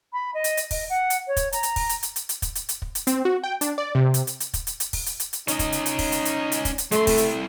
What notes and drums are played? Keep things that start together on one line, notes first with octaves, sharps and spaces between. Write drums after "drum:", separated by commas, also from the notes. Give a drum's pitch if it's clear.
B5
D#5
drum: hi-hat
drum: hi-hat
D#5, drum: kick, open hi-hat
F#5
drum: hi-hat
C#5
drum: kick, hi-hat
A#5, drum: hi-hat
drum: hi-hat
drum: kick, open hi-hat
drum: hi-hat
drum: hi-hat
drum: hi-hat
drum: hi-hat
drum: kick, hi-hat
drum: hi-hat
drum: hi-hat
drum: kick
drum: hi-hat
C4, drum: hi-hat
F#4
G5
D4, drum: hi-hat
D5
C3
drum: hi-hat
drum: hi-hat
drum: hi-hat
drum: kick, hi-hat
drum: hi-hat
drum: hi-hat
drum: kick, open hi-hat
drum: hi-hat
drum: hi-hat
drum: hi-hat
C#4 D#4 D#5, drum: hi-hat
drum: kick, hi-hat
drum: hi-hat
drum: hi-hat
drum: kick, open hi-hat
drum: hi-hat
drum: hi-hat
drum: hi-hat
drum: kick, hi-hat
drum: hi-hat
F#2 A3 C6, drum: hi-hat
C4 E4, drum: kick, open hi-hat
drum: hi-hat